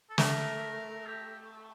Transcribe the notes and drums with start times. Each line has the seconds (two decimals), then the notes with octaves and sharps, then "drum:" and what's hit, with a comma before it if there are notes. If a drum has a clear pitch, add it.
0.10 A4
0.18 A3 A#4, drum: snare
1.06 G4